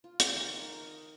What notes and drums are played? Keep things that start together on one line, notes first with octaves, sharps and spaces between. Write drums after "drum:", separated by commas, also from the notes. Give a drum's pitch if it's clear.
F4
C#6, drum: hi-hat
D#3
A#4
D#5